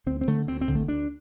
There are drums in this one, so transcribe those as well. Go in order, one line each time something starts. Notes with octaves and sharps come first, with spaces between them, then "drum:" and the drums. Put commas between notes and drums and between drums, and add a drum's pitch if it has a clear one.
D2 C4
C4
D3 A3
D2 C4
C4
D3, drum: kick
A3
D2 D4